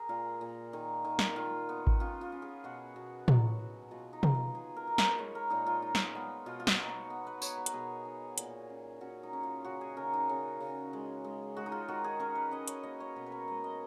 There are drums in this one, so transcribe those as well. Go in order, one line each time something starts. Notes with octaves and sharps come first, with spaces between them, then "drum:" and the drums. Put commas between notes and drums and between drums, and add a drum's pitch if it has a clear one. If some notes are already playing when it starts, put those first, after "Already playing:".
Already playing: G#4 A#4
A#2 F4
A#2
D#3
D#3
drum: snare
D#3 F4
B3
drum: kick G#1
C#4 F4
F4
C#4
G#4
B2 F#4
B2
F#3, drum: tom
B2
B2 F4
D#4
B2, drum: tom
F4
D#4 G#4
A#4
D#4
A#4, drum: snare
B4
G#3 C#5
A#4
A#2 D#4
F4
D#4
drum: snare
B3
B2 F4
F4
F#4, drum: snare
D#4
F#4
B3
B4
D#4 C#5, drum: tambourine
B4
A#4, drum: hi-hat
B2 G#4
D#4
A#2, drum: hi-hat
C#4
C#4 F#4
D#4
C#4
F4
C#3 F#4
G#4
C#3 A#4
D#4
C#3
C#3
G#3
G#3
G#3 F#4
D#4
F4
D#3 F#4
G#4
C#4 A#4
B4
C#4 D#5
C#5, drum: hi-hat
A#3 D#5
C#5
B2 B4
B4
A#4
G#3 D#5
D#5